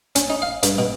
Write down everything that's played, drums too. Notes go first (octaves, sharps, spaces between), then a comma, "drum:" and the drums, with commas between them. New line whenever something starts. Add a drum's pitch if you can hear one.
C#4, drum: hi-hat
D#4
F5
G2, drum: hi-hat
B2